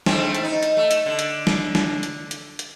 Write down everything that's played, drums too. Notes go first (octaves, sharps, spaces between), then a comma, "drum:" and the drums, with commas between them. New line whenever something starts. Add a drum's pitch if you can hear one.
G#2 A3 C4, drum: snare
drum: hi-hat
D#4
drum: hi-hat
A3
drum: hi-hat
D3
drum: hi-hat
drum: snare
drum: snare
drum: hi-hat
drum: hi-hat
drum: hi-hat